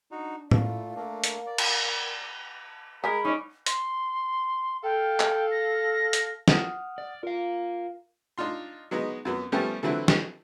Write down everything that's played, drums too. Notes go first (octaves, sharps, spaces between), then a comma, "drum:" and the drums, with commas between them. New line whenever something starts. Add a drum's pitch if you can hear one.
D4 D#4 F#4
A#2 A3 E4 F5, drum: tom A2
A3 A#3 D4 A#4
drum: hi-hat
D5
drum: cymbal
G#3 G#4 A#4 B5 G#6 B6
C#4 D#4 D5
C6, drum: hi-hat
A4 F5 G5
drum: clap
A#6
drum: hi-hat
F#5 D#6 F6, drum: snare
D5
F4 A#4 F5
D4 D#4 F4 C6
F#3 G#3 B3 D#4
F#2 F#3 B3
F3 G3 A3 B3 C#4 G4
D3 E3 F#3 C4 E4 B4
drum: snare